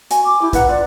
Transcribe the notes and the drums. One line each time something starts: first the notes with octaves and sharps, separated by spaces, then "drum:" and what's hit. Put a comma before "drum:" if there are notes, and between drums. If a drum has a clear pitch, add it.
F#4 G#5, drum: hi-hat
D6
E4 G4
D4 B4 F#5 A#5, drum: kick, hi-hat
F4 D5